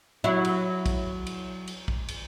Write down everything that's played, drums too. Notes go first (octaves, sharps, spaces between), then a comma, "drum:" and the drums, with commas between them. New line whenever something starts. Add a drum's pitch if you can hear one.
F#3 E4
drum: cymbal
drum: kick, cymbal
drum: cymbal
drum: cymbal
drum: kick
drum: cymbal